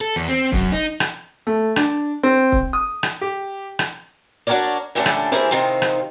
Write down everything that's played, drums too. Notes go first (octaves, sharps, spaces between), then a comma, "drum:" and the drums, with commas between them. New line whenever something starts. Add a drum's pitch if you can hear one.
A4
E2
C4
F#2, drum: kick
D#4
drum: rim click
A3
D4, drum: rim click
C4
drum: kick
D#6
drum: rim click
G4
drum: rim click
D4 F#4 G#4 A#4 C#5 D5
A#2 D3 G3 A3 C#4 D4
drum: rim click
D#2 E3 E4 G#4 A#4 C5
C3 D#3 C4 D#4 F4
drum: rim click